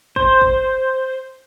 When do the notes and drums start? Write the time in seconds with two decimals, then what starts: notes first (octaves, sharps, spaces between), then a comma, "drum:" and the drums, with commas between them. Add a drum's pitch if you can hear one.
0.16 C5, drum: kick
0.41 drum: kick